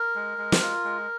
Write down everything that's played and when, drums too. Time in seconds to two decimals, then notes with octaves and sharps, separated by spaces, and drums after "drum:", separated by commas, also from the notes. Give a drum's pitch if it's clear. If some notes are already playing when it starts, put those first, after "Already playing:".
Already playing: A#4
0.15 G#3
0.38 G#3
0.52 drum: snare
0.62 F4
0.84 G#3